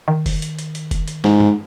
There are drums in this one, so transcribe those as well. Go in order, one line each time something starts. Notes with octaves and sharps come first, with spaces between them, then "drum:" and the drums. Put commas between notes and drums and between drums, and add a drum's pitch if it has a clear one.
D#3
drum: kick F1, open hi-hat
drum: hi-hat
drum: hi-hat
drum: hi-hat
drum: kick F1, hi-hat
drum: hi-hat
G#2, drum: snare
drum: tom